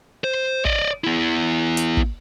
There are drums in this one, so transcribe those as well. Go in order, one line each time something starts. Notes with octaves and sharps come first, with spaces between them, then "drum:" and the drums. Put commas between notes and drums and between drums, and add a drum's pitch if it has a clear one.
C5
D5 D#5, drum: kick
B3 E4
drum: hi-hat
drum: kick